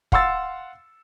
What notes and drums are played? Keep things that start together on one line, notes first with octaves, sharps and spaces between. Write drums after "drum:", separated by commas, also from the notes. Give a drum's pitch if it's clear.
F5 F#5 C6 E6 A6, drum: kick